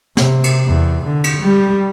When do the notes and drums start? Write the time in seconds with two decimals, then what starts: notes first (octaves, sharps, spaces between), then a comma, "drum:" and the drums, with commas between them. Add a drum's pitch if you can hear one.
0.17 C3, drum: snare
0.44 drum: cymbal
0.66 E2
1.06 D3
1.24 drum: cymbal
1.42 G3